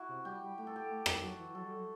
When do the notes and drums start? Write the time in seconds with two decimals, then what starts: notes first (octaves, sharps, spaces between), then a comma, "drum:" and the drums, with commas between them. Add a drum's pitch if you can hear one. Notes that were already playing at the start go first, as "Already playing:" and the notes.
Already playing: E4 F#4
0.09 C3
0.25 G3 G4
0.41 G3
0.58 A3 G4
0.67 A4
0.76 G4
0.90 A3
1.06 G3, drum: rim click
1.22 F#3 F#4
1.38 E3
1.49 E3
1.55 F#3 A4
1.65 G3
1.76 F#3